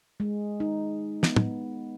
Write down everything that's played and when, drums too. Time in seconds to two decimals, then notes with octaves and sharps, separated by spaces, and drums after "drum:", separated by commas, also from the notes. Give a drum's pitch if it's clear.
0.20 G#3
0.60 D#4
1.23 B3, drum: snare
1.36 drum: tom